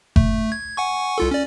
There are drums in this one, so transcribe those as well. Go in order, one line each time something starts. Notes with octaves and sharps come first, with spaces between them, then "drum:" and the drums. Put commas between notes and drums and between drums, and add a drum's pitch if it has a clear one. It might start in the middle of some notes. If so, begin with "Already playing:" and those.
A3, drum: kick F#1
G#6
F#5 G#5 C#6
C2 F4 A4
C#4 D5